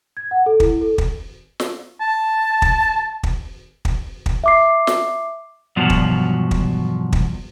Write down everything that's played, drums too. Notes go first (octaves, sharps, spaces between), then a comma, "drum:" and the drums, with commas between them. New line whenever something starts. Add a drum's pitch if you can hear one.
G#6
F#5
A4
E4, drum: kick
A4
drum: kick
drum: snare
A5
drum: kick
drum: kick
drum: kick
drum: kick
E5 D6 C7
drum: snare
E2 G2 B2 F3 F#3
drum: kick
drum: kick
drum: kick